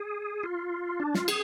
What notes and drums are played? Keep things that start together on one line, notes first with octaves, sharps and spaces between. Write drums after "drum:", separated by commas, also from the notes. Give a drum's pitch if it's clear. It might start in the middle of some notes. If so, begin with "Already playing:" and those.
Already playing: G#4
F4
D4
F4, drum: snare
G#4, drum: cymbal